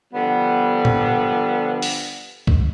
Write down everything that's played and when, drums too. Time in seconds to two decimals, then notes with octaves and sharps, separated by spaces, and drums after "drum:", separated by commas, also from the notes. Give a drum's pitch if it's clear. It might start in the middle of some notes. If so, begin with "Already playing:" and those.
0.14 D3 F3 G3 B3
0.85 drum: tom A#2
1.82 drum: open hi-hat
2.47 drum: kick C2